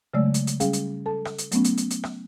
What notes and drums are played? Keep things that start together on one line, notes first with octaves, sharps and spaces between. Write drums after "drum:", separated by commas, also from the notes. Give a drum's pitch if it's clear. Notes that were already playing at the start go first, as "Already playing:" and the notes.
C#3 F#3 G#3 A3 D5 E6
drum: hi-hat
drum: hi-hat
G3 C#4 G#4 F5, drum: hi-hat
drum: hi-hat
A4 A5
drum: rim click
drum: hi-hat
F#3 A3 B3 C#4, drum: hi-hat
drum: hi-hat
drum: hi-hat
drum: hi-hat
drum: rim click